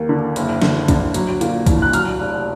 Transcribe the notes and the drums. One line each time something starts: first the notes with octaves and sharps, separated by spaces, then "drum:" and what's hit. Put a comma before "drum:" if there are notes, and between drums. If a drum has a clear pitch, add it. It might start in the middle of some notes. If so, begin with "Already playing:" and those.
Already playing: D#2 A#3
D3
F#1, drum: hi-hat
D3, drum: snare
D3, drum: kick, hi-hat
F#3, drum: hi-hat
A#2, drum: hi-hat
C2, drum: kick, hi-hat
F#6
F#3 F6, drum: hi-hat
F1